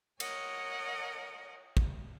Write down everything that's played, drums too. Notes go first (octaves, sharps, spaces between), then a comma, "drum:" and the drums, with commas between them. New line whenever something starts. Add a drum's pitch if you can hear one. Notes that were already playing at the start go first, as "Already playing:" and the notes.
A#4 C#5 D#5 F#5 G#5, drum: cymbal
drum: kick